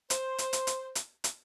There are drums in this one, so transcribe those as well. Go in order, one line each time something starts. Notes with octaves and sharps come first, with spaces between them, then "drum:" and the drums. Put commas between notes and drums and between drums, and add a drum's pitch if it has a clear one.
C5, drum: hi-hat
drum: hi-hat
drum: hi-hat
drum: hi-hat
drum: hi-hat
drum: hi-hat